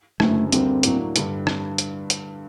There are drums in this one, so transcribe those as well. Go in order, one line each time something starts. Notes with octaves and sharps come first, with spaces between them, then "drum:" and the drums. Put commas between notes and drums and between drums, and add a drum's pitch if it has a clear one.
F#1 F#2 D3 A3, drum: rim click
D2 D3 G3 A#3 C4, drum: hi-hat
A2 F#3 A#3 D4, drum: hi-hat
G2 D3 G3, drum: hi-hat
drum: rim click
drum: hi-hat
drum: hi-hat